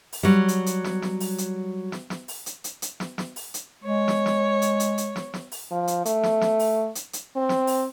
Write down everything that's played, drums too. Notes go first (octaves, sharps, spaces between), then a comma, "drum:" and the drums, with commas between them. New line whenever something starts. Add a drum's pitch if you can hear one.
drum: open hi-hat
F#3 G3
drum: hi-hat
drum: hi-hat
drum: snare
drum: snare
drum: open hi-hat
drum: hi-hat
drum: snare
drum: snare
drum: open hi-hat
drum: hi-hat
drum: hi-hat
drum: hi-hat
drum: snare
drum: snare
drum: open hi-hat
drum: hi-hat
G#3 C#5
drum: snare
drum: snare
drum: hi-hat
drum: hi-hat
drum: hi-hat
drum: snare
drum: snare
drum: open hi-hat
F3
drum: hi-hat
A3, drum: hi-hat
drum: snare
drum: snare
drum: open hi-hat
drum: hi-hat
drum: hi-hat
C4
drum: snare
drum: open hi-hat